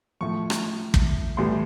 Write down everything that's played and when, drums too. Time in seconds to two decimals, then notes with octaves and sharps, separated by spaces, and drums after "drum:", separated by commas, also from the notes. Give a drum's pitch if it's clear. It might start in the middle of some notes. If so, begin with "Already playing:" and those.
0.21 A2 F3 C#6
0.50 drum: rim click
0.94 drum: kick
1.37 A2 E3 G3 C6